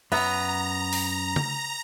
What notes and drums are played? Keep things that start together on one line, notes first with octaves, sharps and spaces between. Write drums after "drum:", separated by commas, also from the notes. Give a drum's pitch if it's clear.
F#2 B3 E5 A#5
drum: open hi-hat
drum: tom